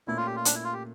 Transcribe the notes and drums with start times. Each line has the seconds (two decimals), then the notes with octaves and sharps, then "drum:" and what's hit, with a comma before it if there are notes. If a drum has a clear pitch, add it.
0.07 A#2 A3 C#4 E4
0.17 F4
0.26 G4
0.36 F4
0.45 D4, drum: hi-hat
0.54 E4
0.64 F4
0.73 G4